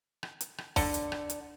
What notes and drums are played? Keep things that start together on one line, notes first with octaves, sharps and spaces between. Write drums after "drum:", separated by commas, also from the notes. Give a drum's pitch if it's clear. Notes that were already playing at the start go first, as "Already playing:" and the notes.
drum: rim click
drum: hi-hat
drum: rim click
D3, drum: kick, open hi-hat
drum: hi-hat
drum: rim click
drum: hi-hat